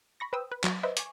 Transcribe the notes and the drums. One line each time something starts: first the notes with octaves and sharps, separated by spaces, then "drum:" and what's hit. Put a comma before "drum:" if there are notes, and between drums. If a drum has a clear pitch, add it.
B5 C#6 A#6
B4 C5 G5 D#6 E6
B4
F#3, drum: clap
B4 C5 D#5 E5
G#5 C#6 D6, drum: hi-hat